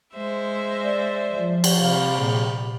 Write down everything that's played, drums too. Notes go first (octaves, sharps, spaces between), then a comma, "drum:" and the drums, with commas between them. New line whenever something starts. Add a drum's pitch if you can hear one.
G#3 C5 E5
D5
F3
drum: cymbal
C3 G3 F5
A#2 G#4